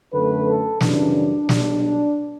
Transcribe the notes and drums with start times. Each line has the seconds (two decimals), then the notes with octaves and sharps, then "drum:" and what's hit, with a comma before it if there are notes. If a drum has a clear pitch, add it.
0.12 F#2 D3 A3 B4
0.47 A4
0.81 F#2 C#3 E3 G3 D4, drum: snare
1.49 B1 B2 G3 D4, drum: snare